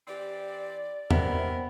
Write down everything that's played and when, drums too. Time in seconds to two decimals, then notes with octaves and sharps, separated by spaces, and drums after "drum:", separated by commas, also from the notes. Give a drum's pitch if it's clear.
0.07 E3 C4 G4 D5
1.11 C3 D#3 B3 E4 A#4, drum: tom